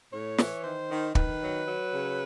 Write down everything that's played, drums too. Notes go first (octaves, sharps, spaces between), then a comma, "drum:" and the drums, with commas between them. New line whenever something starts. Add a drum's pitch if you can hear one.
A2 C#5
E3, drum: snare
D#3 C5
D#3
D#3 B4, drum: kick
F#3
F#3
C#3